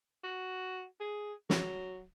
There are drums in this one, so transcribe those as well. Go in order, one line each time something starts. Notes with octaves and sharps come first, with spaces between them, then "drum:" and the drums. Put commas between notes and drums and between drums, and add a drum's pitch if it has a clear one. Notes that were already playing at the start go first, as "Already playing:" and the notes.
F#4
G#4
F#3, drum: snare